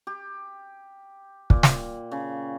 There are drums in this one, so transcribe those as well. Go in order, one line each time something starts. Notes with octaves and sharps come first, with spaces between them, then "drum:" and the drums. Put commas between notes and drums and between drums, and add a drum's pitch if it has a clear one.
G4
A#2, drum: kick
drum: snare
C#3